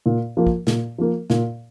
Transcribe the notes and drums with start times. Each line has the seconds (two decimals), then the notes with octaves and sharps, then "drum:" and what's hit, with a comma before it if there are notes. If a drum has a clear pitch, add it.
0.06 A#2
0.37 F3 A#3
0.47 drum: kick
0.67 A#2, drum: snare
0.98 F3 A#3
1.30 A#2, drum: snare